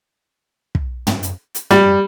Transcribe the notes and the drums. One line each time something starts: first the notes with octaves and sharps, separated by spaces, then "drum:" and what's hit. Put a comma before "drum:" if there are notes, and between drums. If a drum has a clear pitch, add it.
drum: kick
drum: tom
drum: hi-hat
drum: hi-hat
G3, drum: tom